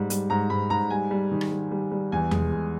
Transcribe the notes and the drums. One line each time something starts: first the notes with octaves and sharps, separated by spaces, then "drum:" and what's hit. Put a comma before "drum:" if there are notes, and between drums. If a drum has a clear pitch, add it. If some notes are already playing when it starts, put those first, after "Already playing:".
Already playing: G#2 G3
G3, drum: hi-hat
G#2 A#5
G#2 B5
G#2 A#5
G3 G#5
G3
D#3
drum: rim click
G3
G3
G3
E2 G#5
G#3, drum: tom E2
G#3